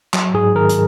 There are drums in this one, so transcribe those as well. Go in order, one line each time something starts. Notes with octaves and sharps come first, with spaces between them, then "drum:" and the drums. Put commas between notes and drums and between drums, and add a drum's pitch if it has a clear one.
F#3, drum: clap
G#2 G#4
D#3 A#4
drum: hi-hat